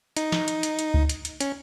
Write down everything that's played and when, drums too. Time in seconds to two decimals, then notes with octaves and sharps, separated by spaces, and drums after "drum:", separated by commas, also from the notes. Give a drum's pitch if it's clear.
0.17 D#4, drum: hi-hat
0.32 drum: snare
0.48 drum: hi-hat
0.63 drum: hi-hat
0.79 drum: hi-hat
0.94 drum: kick C#2
1.09 drum: hi-hat
1.25 drum: hi-hat
1.40 C#4, drum: hi-hat